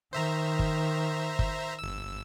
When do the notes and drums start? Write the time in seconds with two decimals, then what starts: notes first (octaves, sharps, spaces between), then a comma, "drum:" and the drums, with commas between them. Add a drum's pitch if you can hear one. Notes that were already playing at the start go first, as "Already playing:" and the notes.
0.13 D#3 C5 E5 A#5
0.59 drum: kick G1
1.39 drum: kick G1
1.79 G1 E6